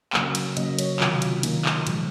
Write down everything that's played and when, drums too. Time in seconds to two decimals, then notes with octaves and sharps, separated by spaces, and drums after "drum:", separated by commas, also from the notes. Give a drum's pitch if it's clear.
0.13 C#3 F#3 A#3, drum: clap
0.35 drum: cymbal
0.57 C#3 F#3 A#3 D#5, drum: cymbal
0.79 C#5, drum: cymbal
1.00 C3 D#3 F#3 F4, drum: clap
1.22 drum: cymbal
1.43 D#3 A#3 D#4, drum: cymbal
1.65 drum: clap
1.87 A#2 F3 G#3, drum: cymbal